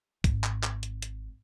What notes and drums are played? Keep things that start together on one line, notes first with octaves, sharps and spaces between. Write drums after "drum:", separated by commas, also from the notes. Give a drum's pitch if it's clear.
G#1, drum: kick, hi-hat
drum: clap
drum: clap
drum: hi-hat
drum: hi-hat